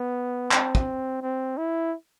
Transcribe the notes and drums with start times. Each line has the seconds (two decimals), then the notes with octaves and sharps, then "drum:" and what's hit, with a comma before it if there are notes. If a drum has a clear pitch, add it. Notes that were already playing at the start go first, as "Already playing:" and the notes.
Already playing: B3
0.51 C4, drum: clap
0.75 drum: kick
1.22 C4
1.58 E4